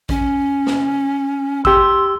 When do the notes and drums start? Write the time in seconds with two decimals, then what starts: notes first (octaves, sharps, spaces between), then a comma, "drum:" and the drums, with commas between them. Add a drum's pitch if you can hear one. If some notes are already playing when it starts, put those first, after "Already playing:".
0.09 C#4, drum: kick A1
0.67 drum: snare
1.65 G4 C6 E6, drum: kick A1